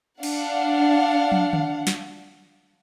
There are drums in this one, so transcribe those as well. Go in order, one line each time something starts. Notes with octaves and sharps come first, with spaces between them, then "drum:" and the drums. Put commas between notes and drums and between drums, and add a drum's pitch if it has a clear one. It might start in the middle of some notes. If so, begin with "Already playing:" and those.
D4 F5 F#5, drum: cymbal
drum: tom
drum: tom D3
drum: snare